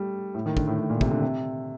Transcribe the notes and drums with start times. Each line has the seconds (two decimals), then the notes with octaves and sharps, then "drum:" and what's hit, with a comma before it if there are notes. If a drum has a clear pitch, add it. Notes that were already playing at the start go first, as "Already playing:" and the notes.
Already playing: G3 A3
0.35 A2
0.46 D#3
0.57 D3, drum: kick
0.67 A2
0.79 A2
0.90 A#2
1.01 C3, drum: kick
1.11 D3
1.22 C3